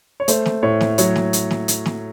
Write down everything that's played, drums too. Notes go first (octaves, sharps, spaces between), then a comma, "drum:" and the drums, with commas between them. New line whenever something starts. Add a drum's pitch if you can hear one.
C#5
A3 C5, drum: hi-hat
drum: snare
A2 C#5
drum: snare
F#3 C#5, drum: hi-hat
drum: snare
drum: hi-hat
drum: snare
drum: hi-hat
drum: snare